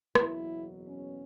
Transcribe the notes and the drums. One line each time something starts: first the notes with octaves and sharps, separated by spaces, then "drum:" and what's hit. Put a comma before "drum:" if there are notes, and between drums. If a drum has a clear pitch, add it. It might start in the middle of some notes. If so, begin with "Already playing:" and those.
F#1 E2 B2 F#3 B3 E4, drum: rim click
C#4